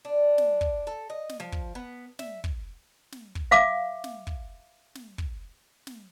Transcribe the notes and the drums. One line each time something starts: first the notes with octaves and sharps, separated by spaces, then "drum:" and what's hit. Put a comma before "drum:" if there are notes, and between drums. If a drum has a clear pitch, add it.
D4
drum: snare
drum: kick
A4
D#5
drum: snare
F3
drum: kick
B3
E5, drum: snare
drum: kick
drum: snare
drum: kick
E5 F5 D6
drum: snare
drum: kick
drum: snare
drum: kick
drum: snare